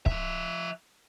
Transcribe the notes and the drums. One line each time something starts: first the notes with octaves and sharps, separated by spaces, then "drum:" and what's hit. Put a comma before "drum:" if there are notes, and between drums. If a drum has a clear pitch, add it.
F3 E5, drum: kick C#1